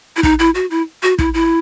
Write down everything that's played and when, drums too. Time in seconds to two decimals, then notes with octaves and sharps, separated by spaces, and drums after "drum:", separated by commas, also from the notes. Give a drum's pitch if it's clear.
0.16 E4
0.23 D#4, drum: kick
0.39 E4
0.55 F#4
0.70 E4
1.03 F#4
1.19 E4, drum: kick
1.34 E4